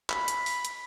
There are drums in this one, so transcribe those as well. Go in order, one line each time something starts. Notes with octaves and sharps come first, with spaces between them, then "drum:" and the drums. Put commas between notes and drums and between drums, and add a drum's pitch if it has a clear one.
B5, drum: clap
drum: hi-hat
drum: open hi-hat
drum: hi-hat